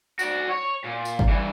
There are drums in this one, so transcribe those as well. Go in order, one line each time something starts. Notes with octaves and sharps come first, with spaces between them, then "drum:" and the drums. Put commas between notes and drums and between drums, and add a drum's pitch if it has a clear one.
F#4 D5, drum: tambourine
C#5
A#2
drum: tambourine
drum: kick G1
G2 E3